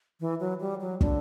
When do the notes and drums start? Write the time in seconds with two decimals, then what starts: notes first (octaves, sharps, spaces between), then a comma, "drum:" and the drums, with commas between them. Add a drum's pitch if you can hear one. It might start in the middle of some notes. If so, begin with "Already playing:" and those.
0.20 E3
0.40 F#3
0.60 G3
0.81 F#3
1.01 D3, drum: kick